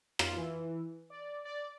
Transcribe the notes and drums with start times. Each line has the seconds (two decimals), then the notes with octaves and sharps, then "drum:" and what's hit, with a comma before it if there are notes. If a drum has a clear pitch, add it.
0.19 F4, drum: rim click
0.36 E3
1.10 D5
1.45 D5